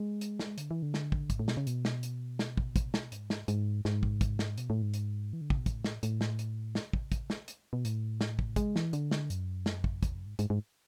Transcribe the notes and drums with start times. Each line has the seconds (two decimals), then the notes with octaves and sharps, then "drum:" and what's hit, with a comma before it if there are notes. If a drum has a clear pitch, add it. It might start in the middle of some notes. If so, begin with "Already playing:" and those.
Already playing: G#3
0.21 drum: hi-hat
0.39 drum: snare
0.58 D3, drum: hi-hat
0.71 E3
0.83 D3
0.94 drum: snare
1.12 drum: kick
1.30 G#2, drum: kick, hi-hat
1.39 A2
1.48 B2, drum: snare
1.57 C#3
1.67 B2, drum: hi-hat
1.85 drum: snare
2.03 drum: hi-hat
2.39 drum: snare
2.57 drum: kick
2.76 drum: kick, hi-hat
2.94 drum: snare
3.12 G#2, drum: hi-hat
3.30 drum: snare
3.48 G#2, drum: hi-hat
3.85 G#2, drum: snare
4.03 drum: kick
4.21 drum: kick, hi-hat
4.39 drum: snare
4.58 B2, drum: hi-hat
4.70 A2
4.82 G#2
4.94 drum: hi-hat
5.33 E3
5.41 D3
5.50 C#3, drum: kick
5.58 B2
5.66 A2, drum: kick, hi-hat
5.84 drum: snare
6.03 A2, drum: hi-hat
6.21 drum: snare
6.39 drum: hi-hat
6.75 drum: snare
6.93 drum: kick
7.12 drum: kick, hi-hat
7.30 drum: snare
7.48 drum: hi-hat
7.73 B2
7.85 A2, drum: hi-hat
8.21 drum: snare
8.39 drum: kick
8.56 G#3, drum: kick, hi-hat
8.76 E3, drum: snare
8.93 D3, drum: hi-hat
9.11 drum: snare
9.30 F#2, drum: hi-hat
9.66 drum: snare
9.84 drum: kick
10.03 E2, drum: kick, hi-hat
10.15 F#2
10.26 G#2
10.39 G#2, drum: hi-hat
10.50 G#2